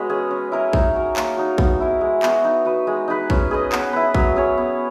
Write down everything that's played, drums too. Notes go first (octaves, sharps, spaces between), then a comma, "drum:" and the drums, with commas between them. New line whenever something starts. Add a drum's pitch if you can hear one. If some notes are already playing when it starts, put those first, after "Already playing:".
Already playing: G#3 B3 F#4 B4 C#5 D#5
C#4 G#4
C#4
E4 A#4 D#5
D#4, drum: kick A#1
F#4 A#4
A#3, drum: clap
D#4 F#4
B3, drum: kick A#1
E4 A#4
G#3
B3 F#4, drum: clap
D#4
F#4 B4
G#3
D#4 G#4 B4
C#4, drum: kick A#1
G#4 B4 D#5
B3, drum: clap
E4 B4
F#3, drum: kick A#1
C#4 G#4 C#5
B3